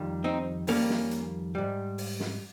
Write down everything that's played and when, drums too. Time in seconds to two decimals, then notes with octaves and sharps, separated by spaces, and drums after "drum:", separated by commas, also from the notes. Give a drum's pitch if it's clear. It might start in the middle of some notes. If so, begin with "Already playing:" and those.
Already playing: F2 D#3 G3
0.24 C4 D#4
0.67 F2 D#3 G3 A#3 C#4, drum: open hi-hat
0.89 drum: snare
1.11 drum: hi-hat
1.55 G#2 G3
1.98 drum: open hi-hat
2.20 drum: snare